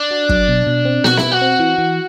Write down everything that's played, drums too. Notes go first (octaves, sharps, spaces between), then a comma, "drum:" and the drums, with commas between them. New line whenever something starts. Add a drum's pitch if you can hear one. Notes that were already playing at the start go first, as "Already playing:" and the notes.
Already playing: D4
F#4
F#3, drum: kick
B2
B2
C4
B2 F#4, drum: snare
E4, drum: snare
B2
F#4
C4
E3
E3